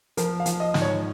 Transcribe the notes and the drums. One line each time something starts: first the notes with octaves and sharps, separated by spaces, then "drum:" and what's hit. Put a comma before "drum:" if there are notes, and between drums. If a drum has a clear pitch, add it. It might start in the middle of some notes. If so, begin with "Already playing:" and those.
F3 A#4, drum: hi-hat
F5
F3, drum: hi-hat
D#5
G#2, drum: snare
C#5